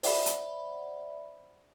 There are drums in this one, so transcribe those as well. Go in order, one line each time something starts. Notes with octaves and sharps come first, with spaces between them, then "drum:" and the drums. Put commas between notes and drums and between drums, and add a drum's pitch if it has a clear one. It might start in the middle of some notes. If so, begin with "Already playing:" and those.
C5 D5 E5 F#5 B5, drum: open hi-hat
drum: hi-hat